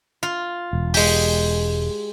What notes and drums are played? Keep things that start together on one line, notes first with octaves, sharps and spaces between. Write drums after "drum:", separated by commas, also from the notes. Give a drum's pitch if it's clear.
F4
E1
G#3 G4, drum: open hi-hat